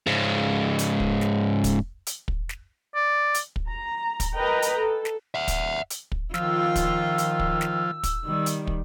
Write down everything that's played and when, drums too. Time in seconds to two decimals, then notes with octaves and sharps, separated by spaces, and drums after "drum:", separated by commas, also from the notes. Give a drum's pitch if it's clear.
0.07 G#2 C#3
0.79 drum: hi-hat
1.00 drum: kick
1.21 drum: snare
1.64 drum: kick, hi-hat
2.07 drum: hi-hat
2.28 drum: kick
2.49 drum: snare
2.95 D5
3.34 drum: hi-hat
3.56 drum: kick
3.69 A#5
4.20 drum: kick, hi-hat
4.35 A#4 B4 D#5 G5 A#5
4.62 drum: hi-hat
4.77 A4
5.05 drum: snare
5.34 E5 F#5
5.48 drum: kick, hi-hat
5.90 drum: hi-hat
6.12 drum: kick
6.34 D#3 F3 F4 E6, drum: snare
6.76 drum: kick, hi-hat
7.18 drum: hi-hat
7.39 drum: kick
7.61 drum: snare
8.03 drum: kick, hi-hat
8.25 D#3 G3
8.46 drum: hi-hat
8.67 drum: kick